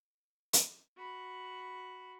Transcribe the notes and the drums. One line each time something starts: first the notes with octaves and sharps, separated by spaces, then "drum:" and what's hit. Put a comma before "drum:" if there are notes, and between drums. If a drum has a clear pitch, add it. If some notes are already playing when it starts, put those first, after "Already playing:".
drum: hi-hat
F#4 B5